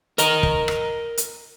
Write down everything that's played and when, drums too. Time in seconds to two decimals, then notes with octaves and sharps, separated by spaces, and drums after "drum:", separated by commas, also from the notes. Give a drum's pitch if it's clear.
0.18 A#4 D#5 A#5, drum: hi-hat
0.43 drum: kick
0.68 drum: rim click
1.17 drum: hi-hat